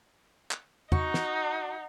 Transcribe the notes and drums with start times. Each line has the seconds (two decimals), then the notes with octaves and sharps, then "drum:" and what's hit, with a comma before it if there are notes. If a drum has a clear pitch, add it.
0.51 drum: clap
0.92 D#4 F#4, drum: tom E2
1.14 drum: snare